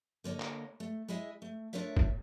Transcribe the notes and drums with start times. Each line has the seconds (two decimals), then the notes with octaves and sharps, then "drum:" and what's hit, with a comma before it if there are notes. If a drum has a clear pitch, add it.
0.24 D3 A#3 C#5 D#5
0.40 drum: clap
0.80 A3
1.08 G#3 E4 G#4 D#5 E5
1.42 A3
1.73 A3 D4 F4 A#4 C#5 E5
1.97 drum: kick